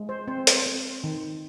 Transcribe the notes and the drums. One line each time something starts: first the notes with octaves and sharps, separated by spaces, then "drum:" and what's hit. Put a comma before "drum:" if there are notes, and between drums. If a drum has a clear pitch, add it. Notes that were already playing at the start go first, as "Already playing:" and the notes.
Already playing: G#3
C5
C4 C5
C5, drum: hi-hat
C4
D#3